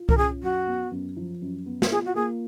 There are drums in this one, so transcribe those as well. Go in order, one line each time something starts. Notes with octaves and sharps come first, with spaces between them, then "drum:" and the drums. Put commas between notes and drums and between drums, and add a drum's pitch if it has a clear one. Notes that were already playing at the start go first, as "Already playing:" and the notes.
Already playing: F4
A#4, drum: kick C2
C#4 G#4
F#2 F#4
B3
F#2
F3
F#2
B3
drum: snare
F4 G#4
F#4
A#3 G#4